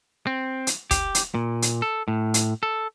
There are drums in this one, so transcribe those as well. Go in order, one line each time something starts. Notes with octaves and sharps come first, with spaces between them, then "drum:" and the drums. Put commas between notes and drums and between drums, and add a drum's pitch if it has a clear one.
C4
drum: hi-hat
G4, drum: kick, hi-hat
drum: hi-hat
A#2
drum: hi-hat
A4
A2
drum: hi-hat
A4